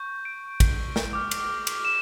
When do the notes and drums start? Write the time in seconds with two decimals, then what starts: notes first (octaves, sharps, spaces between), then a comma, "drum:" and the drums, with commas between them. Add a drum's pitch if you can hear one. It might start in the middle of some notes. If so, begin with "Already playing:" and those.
Already playing: C#6 G6
0.25 D7
0.60 drum: kick, cymbal
0.96 drum: snare
1.13 D6 F6
1.31 drum: cymbal
1.67 drum: cymbal
1.85 E7